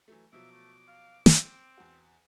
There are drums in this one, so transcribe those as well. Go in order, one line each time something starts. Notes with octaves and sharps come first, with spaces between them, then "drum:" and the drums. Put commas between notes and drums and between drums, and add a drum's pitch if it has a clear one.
E3 F#3 A3
B2 F3 F#3 E5 D6
A3
F5
C4, drum: snare
E2 F#4